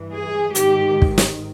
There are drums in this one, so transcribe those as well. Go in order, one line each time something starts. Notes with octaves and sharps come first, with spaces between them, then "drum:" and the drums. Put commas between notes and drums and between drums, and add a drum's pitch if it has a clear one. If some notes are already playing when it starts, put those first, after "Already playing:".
Already playing: G2 E3
G#4
G#2 D#3 G4, drum: hi-hat
drum: kick
drum: snare